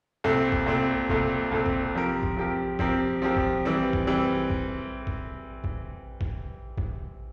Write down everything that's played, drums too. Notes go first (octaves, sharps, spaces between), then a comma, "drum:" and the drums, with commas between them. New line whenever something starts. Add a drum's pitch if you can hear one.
C2 A#2 A3 C4
drum: kick A1
C2 A#2 A3 C4
C2 A#2 A3 C4, drum: kick A1
C2 A#2 A3 C4
drum: kick A1
F3 C4 G4 A#4
drum: kick A1
F3 C4 G4 A#4
F3 C4 G4 A#4, drum: kick A1
F3 C4 G4 A#4
drum: kick A1
E3 G3 C4
drum: kick A1
E3 G3 C4
drum: kick A1
drum: kick A1
drum: kick A1
drum: kick A1
drum: kick A1